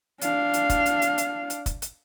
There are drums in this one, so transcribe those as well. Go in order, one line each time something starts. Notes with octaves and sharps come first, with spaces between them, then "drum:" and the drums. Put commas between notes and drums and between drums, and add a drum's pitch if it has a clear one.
D4 F5, drum: hi-hat
drum: hi-hat
drum: kick, hi-hat
drum: hi-hat
drum: hi-hat
drum: hi-hat
drum: hi-hat
drum: kick, hi-hat
drum: hi-hat